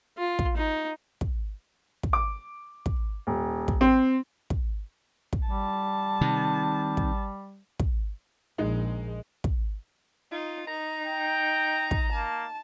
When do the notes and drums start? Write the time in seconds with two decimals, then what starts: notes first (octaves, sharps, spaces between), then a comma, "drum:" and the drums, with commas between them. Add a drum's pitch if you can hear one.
0.18 F4
0.39 drum: kick
0.57 D#4
1.21 drum: kick
2.03 drum: kick
2.13 D6
2.86 drum: kick
3.27 D#1
3.68 drum: kick
3.81 C4
4.50 drum: kick
5.33 drum: kick
5.47 G3 A5
6.21 C3 D#3
6.97 drum: kick
7.80 drum: kick
8.58 A#1 G#3 D#4
9.44 drum: kick
10.32 D#4 F4
10.67 D#4 A#5
11.05 G5
11.91 drum: kick
12.13 A#3 A5